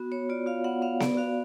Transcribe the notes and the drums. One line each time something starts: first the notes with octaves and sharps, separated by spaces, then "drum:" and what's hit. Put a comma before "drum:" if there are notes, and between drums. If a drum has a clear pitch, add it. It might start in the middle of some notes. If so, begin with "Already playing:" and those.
Already playing: B3 F#4
B3 C#5
F4 D5
F4 F5
B3 F#5
B3 F5
B3 D5, drum: snare B3
F#4 F5